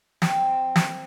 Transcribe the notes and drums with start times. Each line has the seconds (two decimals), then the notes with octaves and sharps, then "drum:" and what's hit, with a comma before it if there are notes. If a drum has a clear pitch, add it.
0.22 C4, drum: snare
0.76 drum: snare